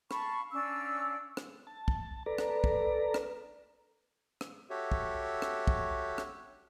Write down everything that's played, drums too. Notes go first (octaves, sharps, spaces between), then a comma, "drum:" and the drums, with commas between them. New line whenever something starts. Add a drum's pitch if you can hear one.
F5 A5 B5 C#6, drum: rim click
C#4 D4 F5 E6
drum: rim click
A5
drum: kick
A4 B4 D5 A#5
drum: rim click
drum: kick
drum: rim click
drum: rim click
F#4 G4 A4 C#5 E5
drum: kick
drum: rim click
drum: kick
drum: rim click